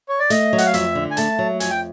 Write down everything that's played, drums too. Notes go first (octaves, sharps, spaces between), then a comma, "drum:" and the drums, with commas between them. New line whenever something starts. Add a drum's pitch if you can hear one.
C#5
D5
A3 D#5, drum: hi-hat
F#3
F#5, drum: hi-hat
F5
F2 E5, drum: hi-hat
D3
G#5
A3 A5, drum: hi-hat
F#3
F2 G#5, drum: hi-hat
G5